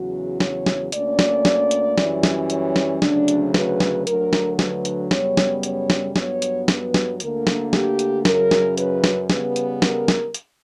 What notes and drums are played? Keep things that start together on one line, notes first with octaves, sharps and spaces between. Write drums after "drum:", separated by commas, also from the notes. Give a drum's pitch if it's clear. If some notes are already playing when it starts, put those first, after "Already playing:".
Already playing: E2 C#3 F#3 F#4
C#5, drum: snare
drum: snare
D2 D3 A#3 C#4 D5, drum: hi-hat
drum: snare
drum: snare
drum: hi-hat
F#2 E3 G3 C#4, drum: snare
drum: snare
C#5, drum: hi-hat
drum: snare
D2 C#3 F#3 D4, drum: snare
drum: hi-hat
B4, drum: snare
drum: snare
D2 D3 F#3 A#4, drum: hi-hat
drum: snare
B4, drum: snare
drum: hi-hat
F#2 C#3 G3 B3 C#5, drum: snare
drum: snare
C#5, drum: hi-hat
drum: snare
G2 F#3 B3 C#5, drum: snare
drum: hi-hat
B4, drum: snare
drum: snare
D2 D3 A#3 A#4, drum: hi-hat
drum: snare
G4, drum: snare
drum: hi-hat
F#2 C#3 F#3 A#4, drum: snare
drum: snare
B4, drum: hi-hat
drum: snare
C#3 G3 B3 B4, drum: snare
drum: hi-hat
A#4, drum: snare
drum: snare
drum: hi-hat